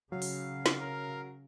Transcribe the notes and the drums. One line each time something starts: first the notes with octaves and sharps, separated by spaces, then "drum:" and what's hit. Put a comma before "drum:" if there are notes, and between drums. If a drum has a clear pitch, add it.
C#3 F#3 F5
drum: open hi-hat
drum: snare
A#4